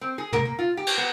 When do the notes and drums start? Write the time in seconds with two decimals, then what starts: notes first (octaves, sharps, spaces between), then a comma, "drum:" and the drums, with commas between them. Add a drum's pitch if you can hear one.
0.01 C4
0.18 G#4
0.33 A#4, drum: tom
0.45 A#3
0.59 F4
0.77 G4
0.86 drum: cymbal
0.98 B3